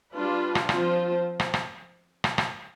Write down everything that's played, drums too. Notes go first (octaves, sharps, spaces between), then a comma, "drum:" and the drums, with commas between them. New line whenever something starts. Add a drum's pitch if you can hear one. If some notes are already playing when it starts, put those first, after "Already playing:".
G3 D4 F4 B4
drum: rim click
F3 C4 F4 C5, drum: rim click
drum: rim click
drum: rim click
drum: rim click
drum: rim click